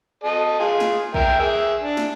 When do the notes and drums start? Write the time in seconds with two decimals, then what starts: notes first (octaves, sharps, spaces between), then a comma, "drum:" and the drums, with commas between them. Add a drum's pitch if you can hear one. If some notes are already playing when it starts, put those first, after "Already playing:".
0.24 A4 D#5
0.60 F4 G#4
0.80 drum: snare
1.14 A#4 E5 G5, drum: kick
1.40 G#4 E5
1.80 D4
1.97 drum: snare